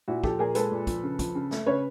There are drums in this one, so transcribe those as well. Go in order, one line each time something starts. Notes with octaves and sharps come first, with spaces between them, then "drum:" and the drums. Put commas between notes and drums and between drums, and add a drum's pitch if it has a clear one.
A#2 E4 F#4
F3 G4 A4, drum: kick
A#2 G#4 A#4
G#3 A4 B4, drum: hi-hat
A#2
F3, drum: kick, hi-hat
C#3
F3, drum: kick, hi-hat
C#3
A3, drum: snare
C#3 B4 C#5